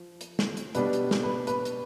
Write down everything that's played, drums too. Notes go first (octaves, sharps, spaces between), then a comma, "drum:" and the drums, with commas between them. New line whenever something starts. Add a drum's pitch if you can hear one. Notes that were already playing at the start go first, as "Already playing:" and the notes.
Already playing: F3
drum: hi-hat
drum: snare
drum: hi-hat
B2 G3 B3 D4 B4, drum: hi-hat
drum: hi-hat
drum: snare
B4
B4, drum: hi-hat
drum: hi-hat